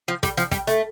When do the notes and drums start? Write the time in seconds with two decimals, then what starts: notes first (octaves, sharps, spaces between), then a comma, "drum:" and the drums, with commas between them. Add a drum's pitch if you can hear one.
0.08 F3
0.23 G3, drum: kick, hi-hat
0.37 F3, drum: hi-hat
0.51 G3, drum: kick, hi-hat
0.67 A3, drum: hi-hat